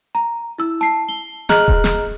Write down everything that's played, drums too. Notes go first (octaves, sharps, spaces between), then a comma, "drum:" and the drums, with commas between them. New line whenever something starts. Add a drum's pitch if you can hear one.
A#5
E4 E6
A5 C7
G7
G#4 D#5 A#5 F6 F#6 F#7, drum: snare
drum: kick D#1
drum: snare